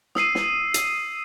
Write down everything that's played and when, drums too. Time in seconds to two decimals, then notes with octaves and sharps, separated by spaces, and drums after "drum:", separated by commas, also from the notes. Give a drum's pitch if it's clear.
0.15 D#6 E6 C7 D#7, drum: snare
0.35 drum: snare
0.74 drum: hi-hat